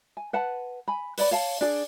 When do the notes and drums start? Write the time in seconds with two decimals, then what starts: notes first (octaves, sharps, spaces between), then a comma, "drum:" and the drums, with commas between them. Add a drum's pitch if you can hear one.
0.17 G#5
0.33 B4 F#5 A5
0.88 G#5 B5
1.18 B4 C#5 D5 B5, drum: open hi-hat
1.31 C#5 F5 A5
1.61 D4 G#4 D5